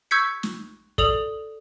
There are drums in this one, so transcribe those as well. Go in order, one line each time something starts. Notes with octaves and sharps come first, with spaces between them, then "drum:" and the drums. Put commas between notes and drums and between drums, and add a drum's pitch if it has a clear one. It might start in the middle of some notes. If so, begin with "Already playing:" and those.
C#6 E6 G6 G#6 B6 C#7
drum: snare
A4 D5 D#6 F7 F#7, drum: kick